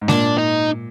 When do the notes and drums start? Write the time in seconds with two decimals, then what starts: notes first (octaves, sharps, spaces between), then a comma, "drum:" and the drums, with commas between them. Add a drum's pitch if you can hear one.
0.01 G#2
0.08 A#2 D4, drum: snare G#3
0.38 D#4